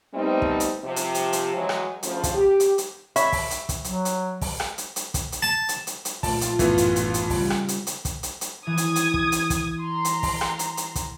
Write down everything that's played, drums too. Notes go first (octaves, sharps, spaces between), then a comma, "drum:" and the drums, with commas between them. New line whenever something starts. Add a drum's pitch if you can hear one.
G3 A3 B3 C4 D#4
drum: kick
drum: hi-hat
C3 F3
drum: hi-hat
drum: hi-hat
drum: hi-hat
E3 F#3 G#3
drum: rim click
D2 C#3 F3, drum: hi-hat
drum: kick, hi-hat
G4
drum: hi-hat
drum: hi-hat
C#5 E5 B5 C#6, drum: hi-hat
drum: kick, open hi-hat
drum: hi-hat
drum: kick, hi-hat
F#3, drum: hi-hat
drum: hi-hat
drum: kick, open hi-hat
drum: rim click
drum: hi-hat
drum: hi-hat
drum: kick, hi-hat
drum: hi-hat
A5
drum: hi-hat
drum: hi-hat
drum: hi-hat
A#1 A3 F4 A5, drum: kick, open hi-hat
drum: hi-hat
A1 F#2 E3 A3 B3, drum: kick, hi-hat
drum: hi-hat
drum: hi-hat
drum: hi-hat
C#3 G3, drum: kick, open hi-hat
drum: rim click
drum: hi-hat
drum: hi-hat
drum: kick, hi-hat
drum: hi-hat
drum: hi-hat
E3 D#6 G#6
drum: hi-hat
drum: hi-hat
drum: kick
drum: hi-hat
drum: kick, hi-hat
A#5 C6
drum: hi-hat
drum: kick, open hi-hat
drum: rim click
drum: hi-hat
drum: hi-hat
drum: kick, hi-hat